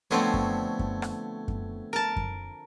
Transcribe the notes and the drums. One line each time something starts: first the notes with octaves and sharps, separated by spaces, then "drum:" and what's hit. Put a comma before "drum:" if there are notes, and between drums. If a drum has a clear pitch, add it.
D3 F3 A3 B3 C4 C#5
drum: kick F#2
drum: kick F#2
drum: rim click
drum: kick F#2
A#4 A5
drum: kick F#2